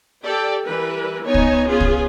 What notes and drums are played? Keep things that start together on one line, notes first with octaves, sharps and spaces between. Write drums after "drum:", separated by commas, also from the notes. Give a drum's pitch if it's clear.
G4 A4 D5 G5
E3 G3 A#4 B4
B3 D#4 C#5 G#5
drum: kick
B3 C#4 F4 G#4
drum: kick